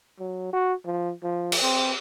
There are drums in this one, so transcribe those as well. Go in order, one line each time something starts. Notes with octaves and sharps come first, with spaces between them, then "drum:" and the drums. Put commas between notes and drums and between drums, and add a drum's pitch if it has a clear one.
F#3
F#4
F3
F3
drum: cymbal
C4